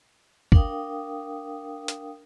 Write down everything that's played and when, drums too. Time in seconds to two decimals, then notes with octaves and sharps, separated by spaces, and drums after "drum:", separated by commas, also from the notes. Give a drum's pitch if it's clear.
0.52 D4 A#4 F5 G5 D#6, drum: kick G1
1.88 drum: hi-hat